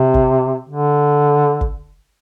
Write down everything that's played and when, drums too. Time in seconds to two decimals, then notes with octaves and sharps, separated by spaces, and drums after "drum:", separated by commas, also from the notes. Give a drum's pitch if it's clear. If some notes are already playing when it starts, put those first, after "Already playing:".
Already playing: C3
0.14 drum: kick
0.69 D3
1.61 drum: kick